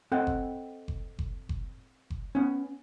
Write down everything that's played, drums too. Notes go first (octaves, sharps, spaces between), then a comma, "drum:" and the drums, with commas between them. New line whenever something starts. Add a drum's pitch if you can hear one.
C4 A4 D#5 F#5 G5
drum: kick F#1
drum: kick F#1
drum: kick F#1
drum: kick F#1
drum: kick F#1
B3 C#4